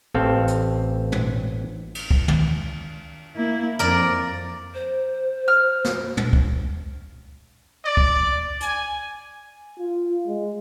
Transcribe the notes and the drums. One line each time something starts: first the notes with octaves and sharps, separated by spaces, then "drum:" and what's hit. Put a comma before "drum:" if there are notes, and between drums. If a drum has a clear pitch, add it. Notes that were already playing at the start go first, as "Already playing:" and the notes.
A1 C4 A4 F5
drum: hi-hat
drum: tom
drum: cymbal
drum: kick
drum: tom
A#3 E4
F2 A#4 D5
C5
F6
drum: snare
drum: tom
drum: kick
D5
drum: kick
G#5, drum: hi-hat
F4
G#3